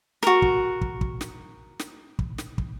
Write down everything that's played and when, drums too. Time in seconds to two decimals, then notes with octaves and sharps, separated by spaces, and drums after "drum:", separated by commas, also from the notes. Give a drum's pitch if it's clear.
0.23 F#4 A#4, drum: snare
0.42 drum: kick
0.81 drum: kick
1.01 drum: kick
1.21 drum: snare
1.79 drum: snare
2.19 drum: kick
2.38 drum: snare
2.58 drum: kick